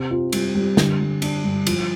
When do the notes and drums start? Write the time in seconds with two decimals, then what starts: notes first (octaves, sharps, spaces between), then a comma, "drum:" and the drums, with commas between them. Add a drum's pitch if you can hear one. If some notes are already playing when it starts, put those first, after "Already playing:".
Already playing: C3 C4
0.11 F4
0.33 G3, drum: cymbal
0.55 G3
0.77 D3, drum: snare
1.00 G3
1.22 D4, drum: cymbal
1.44 G2
1.67 F3, drum: cymbal